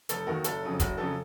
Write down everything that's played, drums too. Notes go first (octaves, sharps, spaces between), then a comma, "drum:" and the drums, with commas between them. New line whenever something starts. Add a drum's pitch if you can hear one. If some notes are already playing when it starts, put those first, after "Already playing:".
F1 A4, drum: hi-hat
D#2 D#3 F#4 A#4
F#1 A4, drum: hi-hat
F2 C#3 F#3
F#1 F#4, drum: kick, hi-hat
F2 C#3 F#3 A4